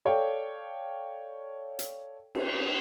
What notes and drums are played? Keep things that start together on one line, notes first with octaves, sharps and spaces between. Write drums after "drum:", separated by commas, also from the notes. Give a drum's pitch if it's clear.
A4 C#5 D5 F5 G5
drum: hi-hat
drum: cymbal